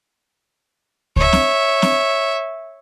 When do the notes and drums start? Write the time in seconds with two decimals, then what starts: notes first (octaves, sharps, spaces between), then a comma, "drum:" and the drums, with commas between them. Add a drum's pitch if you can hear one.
1.16 C#5 E5, drum: kick C#2
1.33 drum: snare C4
1.82 drum: snare C4